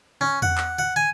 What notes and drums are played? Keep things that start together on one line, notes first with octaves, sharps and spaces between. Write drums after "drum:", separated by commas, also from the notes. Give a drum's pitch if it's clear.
C#4
F#5, drum: tom E2
drum: clap
F#5
G#5